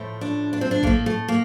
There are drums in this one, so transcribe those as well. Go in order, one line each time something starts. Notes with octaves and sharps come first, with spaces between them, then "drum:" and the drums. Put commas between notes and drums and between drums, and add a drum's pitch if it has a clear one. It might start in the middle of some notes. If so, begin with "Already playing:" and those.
Already playing: A2 F3 A3
D4
D4
C4
D4
A2 A3 A#3, drum: kick A1
A3
A#3